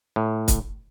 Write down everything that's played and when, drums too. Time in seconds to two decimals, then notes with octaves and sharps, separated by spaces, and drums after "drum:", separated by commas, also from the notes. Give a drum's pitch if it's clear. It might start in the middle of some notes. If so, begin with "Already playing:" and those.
0.16 A2
0.48 drum: kick, hi-hat